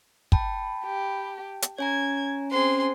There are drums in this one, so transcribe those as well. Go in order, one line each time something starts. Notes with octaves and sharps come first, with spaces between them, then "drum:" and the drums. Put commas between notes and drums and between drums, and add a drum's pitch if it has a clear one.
G5 A5 B5, drum: kick
G4
drum: hi-hat
C#4 C#5 G#5 A#5 G#6
C4 G#4 C5 C6 C7